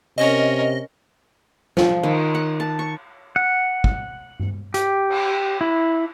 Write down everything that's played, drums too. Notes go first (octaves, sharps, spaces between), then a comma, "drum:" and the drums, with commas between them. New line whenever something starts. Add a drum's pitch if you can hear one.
C3 C#4 A#4 D#5
F3, drum: snare
D#3, drum: cymbal
F#5
A5
C#6
F#5
drum: kick
drum: tom G2
G4, drum: hi-hat
drum: cymbal
E4